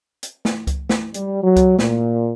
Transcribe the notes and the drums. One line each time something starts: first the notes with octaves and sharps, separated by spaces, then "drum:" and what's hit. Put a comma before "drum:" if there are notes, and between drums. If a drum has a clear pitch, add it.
drum: hi-hat
drum: snare
drum: kick C#2, hi-hat
drum: snare
G3, drum: hi-hat
F#3
drum: kick C#2, hi-hat
A#2, drum: snare